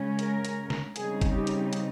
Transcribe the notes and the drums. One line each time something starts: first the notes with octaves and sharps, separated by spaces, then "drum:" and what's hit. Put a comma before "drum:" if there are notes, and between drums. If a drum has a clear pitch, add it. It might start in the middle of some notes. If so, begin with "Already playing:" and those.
Already playing: C#3 G#3 C#4
A#4, drum: hi-hat
drum: hi-hat
drum: snare
C#3 G3 C4 D#4 G#4, drum: hi-hat
drum: kick G1, hi-hat
G4
drum: hi-hat
drum: hi-hat